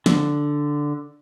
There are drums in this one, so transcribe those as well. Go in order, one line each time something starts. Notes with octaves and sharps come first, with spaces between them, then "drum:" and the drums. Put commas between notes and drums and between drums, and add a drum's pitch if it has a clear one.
D3, drum: snare